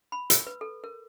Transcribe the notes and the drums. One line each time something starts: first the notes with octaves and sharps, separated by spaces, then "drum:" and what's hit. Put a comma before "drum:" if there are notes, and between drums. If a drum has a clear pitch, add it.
B5
E6, drum: hi-hat
B4
A4
A#4